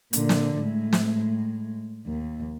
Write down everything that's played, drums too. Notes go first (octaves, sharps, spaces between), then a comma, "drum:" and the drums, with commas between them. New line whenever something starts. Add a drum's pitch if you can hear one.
A#2 D3, drum: hi-hat
drum: snare
A2 G#3
drum: snare
D#2